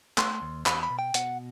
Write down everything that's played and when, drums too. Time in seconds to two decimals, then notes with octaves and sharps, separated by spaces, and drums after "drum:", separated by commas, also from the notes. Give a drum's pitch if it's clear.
0.18 A3 C6, drum: clap
0.42 D#2
0.66 E2 B5, drum: clap
0.83 B5
0.90 B2
0.99 G5
1.14 B2 F#5, drum: hi-hat